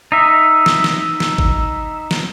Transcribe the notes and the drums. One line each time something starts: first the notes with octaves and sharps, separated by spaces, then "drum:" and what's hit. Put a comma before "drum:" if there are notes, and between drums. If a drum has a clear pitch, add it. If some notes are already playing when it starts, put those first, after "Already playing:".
D#4 E5
drum: snare
drum: snare
drum: snare
drum: kick G#1
drum: snare